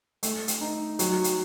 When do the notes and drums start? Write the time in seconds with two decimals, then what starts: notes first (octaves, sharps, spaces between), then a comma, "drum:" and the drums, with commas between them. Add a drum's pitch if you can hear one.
0.23 A3, drum: hi-hat
0.48 drum: hi-hat
0.61 D#4
0.99 F#3, drum: hi-hat
1.24 drum: hi-hat